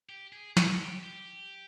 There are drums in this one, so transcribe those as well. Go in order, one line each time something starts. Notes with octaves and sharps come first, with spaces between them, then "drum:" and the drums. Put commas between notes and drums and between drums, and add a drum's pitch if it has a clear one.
G4
G#4
G#4, drum: snare
G4
G4